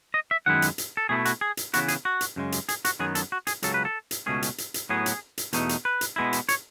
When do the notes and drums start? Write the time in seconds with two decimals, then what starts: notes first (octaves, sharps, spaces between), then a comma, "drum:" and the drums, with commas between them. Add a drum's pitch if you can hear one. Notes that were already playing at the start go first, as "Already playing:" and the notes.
0.14 D#5
0.31 E5
0.46 F#2 D#3 G#3 B3 E4 F#5
0.62 drum: hi-hat
0.78 drum: hi-hat
0.97 A4
1.09 B2 A3 E4 G#4
1.25 F#4, drum: hi-hat
1.41 G#4
1.57 drum: hi-hat
1.73 C#3 E3 B3 E4 F#4, drum: hi-hat
1.88 G#4, drum: hi-hat
2.05 F#4
2.21 drum: hi-hat
2.36 F#2 C#3 G#3
2.52 drum: hi-hat
2.69 G#4, drum: hi-hat
2.85 F#4, drum: hi-hat
2.99 F#2 D#3 F#3 B3 G#4
3.15 A4, drum: hi-hat
3.32 F#4
3.47 G#4, drum: hi-hat
3.63 C#2 C#3 F#3 A4, drum: hi-hat
3.74 B4
3.85 A4
4.11 drum: hi-hat
4.26 C#2 B2 A3 C#4 G#4
4.42 drum: hi-hat
4.58 drum: hi-hat
4.74 drum: hi-hat
4.89 A2 F#3 B3 G#4
5.06 drum: hi-hat
5.38 drum: hi-hat
5.53 E2 B2 A3 D#4, drum: hi-hat
5.69 drum: hi-hat
5.85 B4
6.01 drum: hi-hat
6.16 B2 G#3 B3 E4
6.33 drum: hi-hat
6.49 C#5, drum: hi-hat